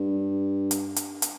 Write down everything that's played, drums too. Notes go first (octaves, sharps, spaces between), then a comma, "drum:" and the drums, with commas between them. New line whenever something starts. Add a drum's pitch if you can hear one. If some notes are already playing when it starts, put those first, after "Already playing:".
Already playing: G2
drum: hi-hat
drum: hi-hat
drum: hi-hat